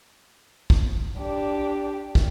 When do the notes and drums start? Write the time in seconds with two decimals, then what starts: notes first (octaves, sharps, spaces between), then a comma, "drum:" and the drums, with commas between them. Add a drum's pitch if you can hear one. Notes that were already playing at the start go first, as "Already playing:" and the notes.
0.70 drum: kick
1.18 D4 G4
2.15 drum: kick